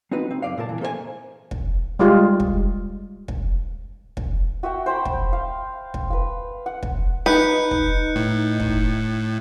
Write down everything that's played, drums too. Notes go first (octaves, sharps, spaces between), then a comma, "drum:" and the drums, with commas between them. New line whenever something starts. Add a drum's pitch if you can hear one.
C4 D#4 F#4 B4
C4
F#2 D5 F5
A#2 A#3 A#4 A5
E3
A#3 A4 C5 C#5 G#5
drum: kick
G3 G#3 F4
drum: kick
drum: kick
drum: kick
F#4 E5 F#5 G5
C5 G5 B5
drum: kick
F5
drum: kick
B4 F5
F#5
drum: kick
D#4 B4 F#6 G6 C#7
drum: kick
A2
drum: kick